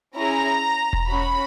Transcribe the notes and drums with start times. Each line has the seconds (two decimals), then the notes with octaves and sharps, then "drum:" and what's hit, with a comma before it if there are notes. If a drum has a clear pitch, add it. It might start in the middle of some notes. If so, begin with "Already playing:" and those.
0.14 C#4 E4 G#4 A#5
0.93 drum: kick E1
1.07 C#4 F#4 B5